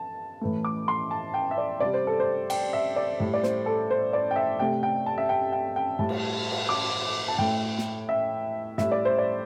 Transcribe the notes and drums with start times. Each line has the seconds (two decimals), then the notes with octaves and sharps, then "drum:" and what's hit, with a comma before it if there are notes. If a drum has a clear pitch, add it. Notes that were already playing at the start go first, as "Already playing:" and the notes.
Already playing: A5
0.41 A2 E3 A3
0.65 D6
0.88 C6
1.11 A5
1.34 G5
1.51 E5
1.58 D5
1.80 C3 G3 D5
1.94 C5
2.07 A4
2.20 C5
2.50 G5, drum: cymbal
2.73 E5
2.96 D5
3.20 A2 G3
3.34 D5
3.43 C5, drum: snare
3.66 A4
3.90 C5
4.13 D5
4.31 G5
4.36 E5
4.60 C3 A3 G5
4.83 G5
5.06 A5
5.18 E5
5.29 G5
5.52 G5
5.76 G5
5.99 A2 G3 A5
6.09 drum: cymbal
6.51 drum: cymbal
6.69 D6
7.28 A5
7.39 A2 A3 G5
7.79 drum: snare
8.09 E5
8.78 A2 G3 E5, drum: snare
8.92 D5
9.05 C5
9.19 D5